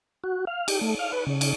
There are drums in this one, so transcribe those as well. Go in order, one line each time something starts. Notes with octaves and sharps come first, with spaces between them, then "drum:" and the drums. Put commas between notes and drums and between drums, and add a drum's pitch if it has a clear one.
F#4
F5
G4, drum: cymbal
A3
F5
B4
C#3
drum: cymbal